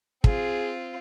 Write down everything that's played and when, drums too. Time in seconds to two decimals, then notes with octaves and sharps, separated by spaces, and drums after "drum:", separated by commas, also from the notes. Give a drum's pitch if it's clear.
0.24 C4 F4 G#4, drum: kick